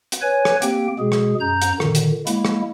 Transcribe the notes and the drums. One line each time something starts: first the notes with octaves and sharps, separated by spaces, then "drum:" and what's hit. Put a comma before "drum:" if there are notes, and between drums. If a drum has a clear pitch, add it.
drum: hi-hat
B4 C#5 G#5
drum: rim click
A#3 C4 G4 G5, drum: hi-hat
B2 G#3 G#4
drum: rim click
F#2 A#5 G6
drum: hi-hat
A#2 D3 D#3, drum: rim click
drum: hi-hat
G#3 A#3 E4, drum: hi-hat
drum: rim click